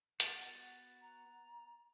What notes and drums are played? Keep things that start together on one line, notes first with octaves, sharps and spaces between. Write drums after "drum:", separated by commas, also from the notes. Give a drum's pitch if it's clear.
B3 F#4 F#5 A6, drum: hi-hat
A#5